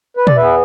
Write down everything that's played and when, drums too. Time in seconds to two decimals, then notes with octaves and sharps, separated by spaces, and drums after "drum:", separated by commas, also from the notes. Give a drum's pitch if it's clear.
0.17 B4
0.27 D5, drum: tom
0.36 E2 E3 B3 B4 E5